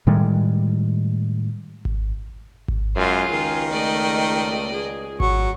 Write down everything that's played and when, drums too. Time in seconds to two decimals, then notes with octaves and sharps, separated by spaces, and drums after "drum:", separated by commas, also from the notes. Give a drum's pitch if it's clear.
0.07 A2 D#3 G3 G#3
1.85 drum: kick G#1
2.68 drum: kick G#1
2.96 F#2 G#3 F4 G#4
3.29 C#2 D#3
3.71 A3 D5 D#5
4.73 G#4
5.20 F#3 C#6, drum: kick G#1